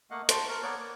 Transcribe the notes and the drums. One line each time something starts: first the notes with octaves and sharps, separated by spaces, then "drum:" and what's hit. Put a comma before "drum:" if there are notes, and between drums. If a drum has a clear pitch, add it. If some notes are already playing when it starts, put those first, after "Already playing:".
A3 A#3 D#5 F5 F#5
C5 A5 C6 C#6, drum: hi-hat
A#4 C#6
A#3 B3 C#5 D5 F#5
A#3